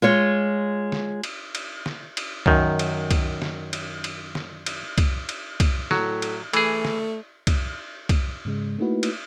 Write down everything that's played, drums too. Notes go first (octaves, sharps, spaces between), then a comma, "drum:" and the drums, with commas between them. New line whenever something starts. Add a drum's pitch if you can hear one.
G#3 F4 C#5
drum: snare
drum: cymbal
drum: cymbal
drum: snare
drum: cymbal
F#2 D#3, drum: kick C2
drum: cymbal
drum: kick C2, cymbal
drum: snare
drum: cymbal
drum: cymbal
drum: snare
drum: cymbal
drum: kick C2, cymbal
drum: cymbal
drum: kick C2, cymbal
A2 F#3, drum: snare
drum: cymbal
E3 A3 G#4, drum: cymbal
drum: snare
drum: kick C2, cymbal
drum: kick C2, cymbal
G#2 C#3 G#3
A3 A#3 D#4 E4 F#4 B4
drum: cymbal